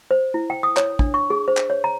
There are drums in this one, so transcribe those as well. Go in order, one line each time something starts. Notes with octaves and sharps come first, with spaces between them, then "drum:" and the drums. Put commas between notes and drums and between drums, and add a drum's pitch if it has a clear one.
C5
E4
G5
D#6
C#5, drum: clap
D4, drum: kick
C#6
G#4
C5
drum: clap
C#5
A#5